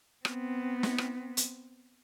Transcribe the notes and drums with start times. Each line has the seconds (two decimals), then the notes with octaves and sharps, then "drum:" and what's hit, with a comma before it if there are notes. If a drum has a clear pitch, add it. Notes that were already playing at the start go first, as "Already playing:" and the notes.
0.25 B3 C4, drum: rim click
0.83 drum: snare
0.98 drum: rim click
1.37 drum: hi-hat